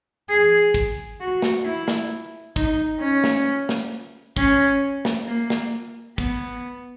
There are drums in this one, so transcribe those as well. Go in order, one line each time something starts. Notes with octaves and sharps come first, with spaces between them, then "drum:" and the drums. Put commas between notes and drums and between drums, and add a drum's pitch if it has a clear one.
G#4
drum: kick
F#4
drum: snare
E4
drum: snare
D#4, drum: kick
C#4
drum: snare
drum: snare
C#4, drum: kick
drum: snare
A#3
drum: snare
B3, drum: kick